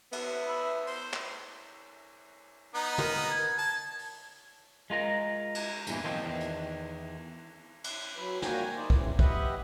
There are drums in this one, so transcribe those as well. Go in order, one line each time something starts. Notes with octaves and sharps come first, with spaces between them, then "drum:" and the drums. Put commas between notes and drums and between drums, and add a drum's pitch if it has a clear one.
B3 E5, drum: cymbal
B5 E6
C5, drum: open hi-hat
drum: clap
B3 D#4 D#5 A#5
A#4, drum: tom
G#6
A5
drum: open hi-hat
G#3 F4 A#4 A#5
drum: cymbal
E2 G2 A#2 E3, drum: tambourine
D#3 F3 C4
E2 D#3
drum: hi-hat
drum: cymbal
F#3 B4
A#2 A#3 F#4 G5 G#5 A#5, drum: snare
D#4 C5 D5
C#3 E3, drum: kick A#1
G4 B4 D#5 E5 F#5, drum: kick A#1